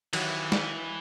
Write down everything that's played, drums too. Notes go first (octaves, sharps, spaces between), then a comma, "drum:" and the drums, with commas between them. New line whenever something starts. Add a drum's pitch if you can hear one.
D#3 E3 F#3, drum: cymbal
drum: snare